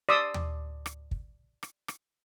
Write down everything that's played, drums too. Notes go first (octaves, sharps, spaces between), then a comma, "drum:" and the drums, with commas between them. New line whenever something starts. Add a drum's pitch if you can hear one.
D5 C6 D#6 E6
drum: tom
drum: rim click
drum: kick
drum: rim click
drum: rim click